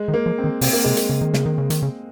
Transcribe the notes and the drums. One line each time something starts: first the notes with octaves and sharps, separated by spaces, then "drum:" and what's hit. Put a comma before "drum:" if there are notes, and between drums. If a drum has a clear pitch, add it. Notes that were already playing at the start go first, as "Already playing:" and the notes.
Already playing: G#3
D#3
A#3
F3
C4
D#3
C3 C4, drum: open hi-hat
A#3
C3 G#3
A#3, drum: hi-hat
C#3
D#3
C#3, drum: snare
D#3
C#3
D#3, drum: hi-hat
C#3